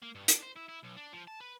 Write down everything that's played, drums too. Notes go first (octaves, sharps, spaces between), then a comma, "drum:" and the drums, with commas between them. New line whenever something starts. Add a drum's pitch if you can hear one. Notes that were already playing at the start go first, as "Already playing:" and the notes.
A#3
G2
D4, drum: hi-hat
C5
E4
E4
B1
D4
F3
A5
B4